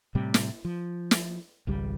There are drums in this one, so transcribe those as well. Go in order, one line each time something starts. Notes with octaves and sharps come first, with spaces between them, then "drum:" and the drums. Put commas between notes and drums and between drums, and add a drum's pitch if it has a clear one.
A2 C3 G3
drum: snare
F3
drum: snare
G#1 C#2 G3